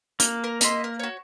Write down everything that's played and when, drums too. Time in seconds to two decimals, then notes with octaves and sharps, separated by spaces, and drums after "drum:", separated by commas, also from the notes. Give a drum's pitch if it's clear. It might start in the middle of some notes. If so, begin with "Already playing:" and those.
0.20 A#3 F#6, drum: hi-hat
0.44 A#4
0.61 D#5 E5 C6, drum: hi-hat
0.84 A#4
0.99 F#4 C#5